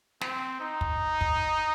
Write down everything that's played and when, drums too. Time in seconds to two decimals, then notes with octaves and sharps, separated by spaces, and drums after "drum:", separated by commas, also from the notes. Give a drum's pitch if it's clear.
0.21 C4, drum: snare
0.61 D#4
0.81 drum: kick
1.21 drum: kick